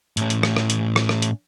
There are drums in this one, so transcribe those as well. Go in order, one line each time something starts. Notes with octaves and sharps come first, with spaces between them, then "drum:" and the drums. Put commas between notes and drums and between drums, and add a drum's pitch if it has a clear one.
A2 C#4, drum: hi-hat
drum: hi-hat
drum: rim click
drum: rim click
drum: hi-hat
drum: rim click
drum: rim click
drum: hi-hat